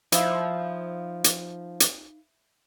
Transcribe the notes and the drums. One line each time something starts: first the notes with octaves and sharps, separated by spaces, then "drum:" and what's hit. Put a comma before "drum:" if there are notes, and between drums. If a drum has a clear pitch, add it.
F3 D#4 E4 C5 F5, drum: hi-hat
drum: hi-hat
drum: hi-hat